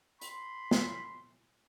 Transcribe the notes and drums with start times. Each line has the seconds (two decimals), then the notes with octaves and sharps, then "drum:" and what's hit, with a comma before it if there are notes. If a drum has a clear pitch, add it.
0.21 B5 C6, drum: hi-hat
0.71 drum: snare